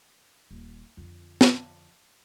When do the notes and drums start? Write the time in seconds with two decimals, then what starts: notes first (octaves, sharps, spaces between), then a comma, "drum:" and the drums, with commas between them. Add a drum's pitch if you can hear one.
0.51 D#1
0.97 F2 D3
1.41 drum: snare